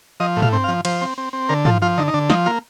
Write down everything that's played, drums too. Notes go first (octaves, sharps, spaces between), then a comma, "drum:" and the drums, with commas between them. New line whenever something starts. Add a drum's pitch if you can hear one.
F3 D#5
A2
F5, drum: tom
C4
F5
F3
F3 C5, drum: cymbal
C4
C4
C4
D3 A#4
F3 A4, drum: tom
F3 F4
D3 D#4
D#4
D3 D4
F3 D#4, drum: snare
A#3 F4